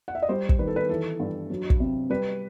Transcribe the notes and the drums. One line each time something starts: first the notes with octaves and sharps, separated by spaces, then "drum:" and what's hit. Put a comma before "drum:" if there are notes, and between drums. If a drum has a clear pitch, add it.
F#5
E5
D#5
G3 C5
drum: kick
D#3 B4
A4
B4
E3 A4
G2
F#3
drum: kick
C3
G3 B4